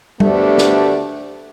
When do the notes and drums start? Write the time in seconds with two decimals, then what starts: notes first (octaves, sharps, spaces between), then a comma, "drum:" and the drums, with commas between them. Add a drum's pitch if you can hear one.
0.20 D2 A3 B3 D4 G4, drum: tom G3
0.58 drum: snare